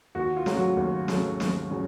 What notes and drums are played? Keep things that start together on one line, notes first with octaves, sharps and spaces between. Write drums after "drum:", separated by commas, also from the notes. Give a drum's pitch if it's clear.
D#2 F#4
F4
C#3 F#3 A3, drum: snare
F#4
D#2
C#3 F#3 A3, drum: snare
D#2, drum: snare
C#3 F#3